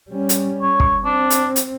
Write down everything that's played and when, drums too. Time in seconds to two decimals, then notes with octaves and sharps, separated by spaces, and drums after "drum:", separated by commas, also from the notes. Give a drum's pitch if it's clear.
0.10 G3 C#4
0.29 drum: hi-hat
0.62 C#5
0.80 drum: kick
1.05 C4 D4
1.30 drum: hi-hat
1.56 drum: hi-hat